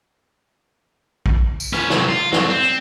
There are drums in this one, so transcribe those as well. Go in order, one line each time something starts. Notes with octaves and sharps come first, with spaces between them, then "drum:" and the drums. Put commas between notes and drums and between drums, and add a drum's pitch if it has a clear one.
drum: kick A#1
drum: tambourine
C#4 B4, drum: rim click
C3 F#3, drum: snare
F4
F2 F#3, drum: snare
C4